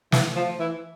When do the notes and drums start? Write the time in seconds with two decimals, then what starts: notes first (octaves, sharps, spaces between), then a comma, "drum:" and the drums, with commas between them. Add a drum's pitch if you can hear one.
0.12 E3, drum: snare
0.36 F3
0.60 E3